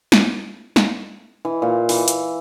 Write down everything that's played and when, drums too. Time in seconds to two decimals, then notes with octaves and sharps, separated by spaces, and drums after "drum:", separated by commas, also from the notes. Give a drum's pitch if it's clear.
0.12 drum: snare
0.76 drum: snare
1.45 E3
1.62 A#2
1.89 E3, drum: open hi-hat
2.08 drum: hi-hat